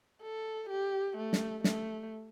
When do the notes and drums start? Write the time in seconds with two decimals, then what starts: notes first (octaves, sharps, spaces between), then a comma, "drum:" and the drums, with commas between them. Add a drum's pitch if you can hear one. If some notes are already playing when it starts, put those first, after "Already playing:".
0.22 A4
0.70 G4
1.17 A3
1.33 drum: snare
1.64 A3, drum: snare